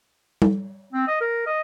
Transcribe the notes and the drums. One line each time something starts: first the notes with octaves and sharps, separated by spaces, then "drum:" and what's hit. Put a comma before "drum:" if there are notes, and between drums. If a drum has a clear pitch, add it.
drum: tom G3
C4
D#5
A#4
D#5